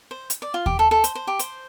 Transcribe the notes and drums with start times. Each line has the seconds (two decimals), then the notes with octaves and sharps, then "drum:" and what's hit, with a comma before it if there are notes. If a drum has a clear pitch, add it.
0.11 C5
0.30 drum: hi-hat
0.42 D5
0.54 F4
0.66 G4, drum: kick D#2
0.79 A4
0.91 A4
1.04 C5, drum: hi-hat
1.15 C5
1.27 G4
1.39 C5, drum: hi-hat